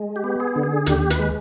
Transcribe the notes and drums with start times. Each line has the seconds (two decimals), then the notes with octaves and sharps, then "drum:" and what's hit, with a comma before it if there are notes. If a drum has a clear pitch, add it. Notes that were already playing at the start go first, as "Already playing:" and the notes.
Already playing: G#3
0.16 G4
0.24 B3
0.40 G#4
0.56 D3
0.63 G#4
0.86 D#2 G4, drum: hi-hat
1.10 B4, drum: hi-hat
1.19 G#3